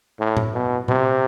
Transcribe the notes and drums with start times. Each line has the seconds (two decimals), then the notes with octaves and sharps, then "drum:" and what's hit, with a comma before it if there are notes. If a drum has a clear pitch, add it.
0.19 A2
0.37 drum: tom A2
0.53 B2
0.88 C3, drum: tom A#2